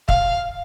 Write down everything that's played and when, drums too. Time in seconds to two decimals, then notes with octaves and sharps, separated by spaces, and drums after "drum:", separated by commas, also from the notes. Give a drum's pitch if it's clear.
0.09 F5, drum: kick